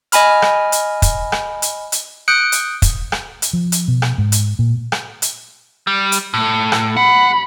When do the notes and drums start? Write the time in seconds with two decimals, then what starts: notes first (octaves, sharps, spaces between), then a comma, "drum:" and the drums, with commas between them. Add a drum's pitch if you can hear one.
0.12 D#5 G#5 B5 F6, drum: hi-hat
0.42 drum: rim click
0.72 drum: hi-hat
1.02 drum: kick, hi-hat
1.32 drum: rim click
1.62 drum: hi-hat
1.92 drum: hi-hat
2.28 D#6 F#6 G6 C#7 D7
2.52 drum: hi-hat
2.82 drum: kick, hi-hat
3.12 drum: rim click
3.42 drum: hi-hat
3.53 F3
3.72 drum: hi-hat
3.88 B2
4.02 drum: rim click
4.18 G#2
4.32 drum: hi-hat
4.59 A#2
4.92 drum: rim click
5.22 drum: hi-hat
5.87 G3
6.12 drum: hi-hat
6.34 A2
6.72 drum: rim click
6.97 F#5 B5